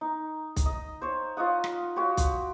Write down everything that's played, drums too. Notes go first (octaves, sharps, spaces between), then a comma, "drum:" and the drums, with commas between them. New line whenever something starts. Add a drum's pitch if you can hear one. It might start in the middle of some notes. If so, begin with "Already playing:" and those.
D#4
drum: kick B1, hi-hat
D#5
C5 C#5
F4 C#5 D#5 F#5
drum: rim click
F#4 G4 C#5 C6
drum: kick B1, hi-hat